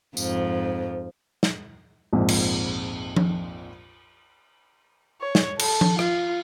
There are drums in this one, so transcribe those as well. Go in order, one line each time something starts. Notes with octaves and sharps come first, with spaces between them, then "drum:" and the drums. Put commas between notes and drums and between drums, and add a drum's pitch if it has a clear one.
F2 G#2 F3, drum: tambourine
drum: snare
A#1 F2 G#2
drum: cymbal
drum: tom F3
C#5
drum: snare
A4, drum: cymbal
drum: tom F3
F4, drum: rim click